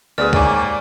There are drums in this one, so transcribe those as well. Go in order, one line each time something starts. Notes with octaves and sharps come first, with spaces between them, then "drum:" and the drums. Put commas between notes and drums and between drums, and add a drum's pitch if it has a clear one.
D2 G#4 B4 D5 F6
G#2 A#3 G4 C#5 D5 G#5 D#7, drum: kick